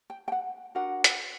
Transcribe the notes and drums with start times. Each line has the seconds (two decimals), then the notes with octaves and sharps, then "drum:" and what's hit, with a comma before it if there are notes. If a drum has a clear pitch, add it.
0.10 G5
0.28 G5
0.32 F#5
0.75 D4 F#4 A#4 F#5
1.04 drum: hi-hat